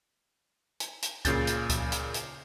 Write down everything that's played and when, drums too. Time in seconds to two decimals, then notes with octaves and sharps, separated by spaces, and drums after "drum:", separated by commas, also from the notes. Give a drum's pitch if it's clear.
0.80 drum: hi-hat
1.02 drum: hi-hat
1.25 A#2 C#3 G6 A6, drum: kick C#2, hi-hat
1.47 drum: hi-hat
1.70 drum: kick C#2, hi-hat
1.92 drum: hi-hat
2.14 drum: hi-hat